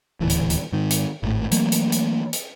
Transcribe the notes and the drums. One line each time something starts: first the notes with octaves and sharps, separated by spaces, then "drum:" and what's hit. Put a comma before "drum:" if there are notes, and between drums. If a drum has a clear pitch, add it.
D#1 D2 A2 E3
drum: hi-hat
drum: hi-hat
G#2 D#3
drum: hi-hat
G#1 A2
E3 F#3 A3 A#3, drum: hi-hat
drum: hi-hat
drum: hi-hat
drum: hi-hat